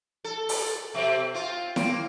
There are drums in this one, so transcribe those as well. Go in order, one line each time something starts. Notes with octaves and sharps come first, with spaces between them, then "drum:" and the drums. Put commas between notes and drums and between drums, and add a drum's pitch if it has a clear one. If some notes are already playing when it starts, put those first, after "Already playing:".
A4
drum: open hi-hat
B2 C4
C4 F4
A#3 C4, drum: snare E4